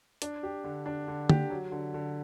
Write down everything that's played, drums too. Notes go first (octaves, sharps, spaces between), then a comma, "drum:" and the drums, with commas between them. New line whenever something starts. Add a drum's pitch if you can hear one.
D4, drum: hi-hat
G4
D3
D4
D3
G4, drum: tom D3
F#3
D3
D3